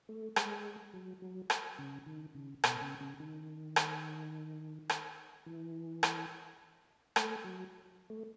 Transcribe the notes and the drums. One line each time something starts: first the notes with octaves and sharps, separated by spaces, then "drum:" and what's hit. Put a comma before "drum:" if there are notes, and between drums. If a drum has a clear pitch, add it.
A3
G#3, drum: rim click
F#3
F#3
drum: rim click
C#3
D#3
C#3
B2, drum: rim click
C#3
C#3
D#3
drum: rim click
drum: rim click
E3
drum: rim click
A3, drum: rim click
F#3
A3